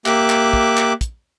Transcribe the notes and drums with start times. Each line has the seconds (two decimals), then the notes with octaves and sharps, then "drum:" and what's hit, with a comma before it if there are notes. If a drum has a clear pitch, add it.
0.06 A#3 G4 E5 D6 F#6, drum: clap
0.30 drum: clap
0.53 drum: kick
0.77 drum: clap
1.01 drum: kick, hi-hat